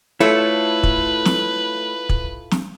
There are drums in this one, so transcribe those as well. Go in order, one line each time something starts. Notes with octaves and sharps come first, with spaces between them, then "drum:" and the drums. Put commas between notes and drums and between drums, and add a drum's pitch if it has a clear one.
A3 E4 F4 A4 B4 C#5
drum: kick
drum: snare
drum: kick
drum: snare